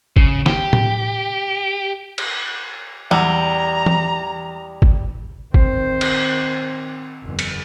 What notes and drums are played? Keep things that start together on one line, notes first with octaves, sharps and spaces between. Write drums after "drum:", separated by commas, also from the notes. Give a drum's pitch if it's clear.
C#3, drum: kick
G4, drum: snare
drum: tom A2
drum: cymbal
E2 G3 F#5 A#5 E6
drum: tom E3
drum: kick
D#3 C4 C5, drum: kick
drum: cymbal
F#1 E2
drum: cymbal